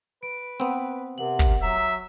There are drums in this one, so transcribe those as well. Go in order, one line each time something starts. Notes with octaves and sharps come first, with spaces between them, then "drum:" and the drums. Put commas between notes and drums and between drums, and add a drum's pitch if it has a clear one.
B4 D7
B3 C4
C3 A#4 F#5 F#7
drum: kick
F#3 E5 A#5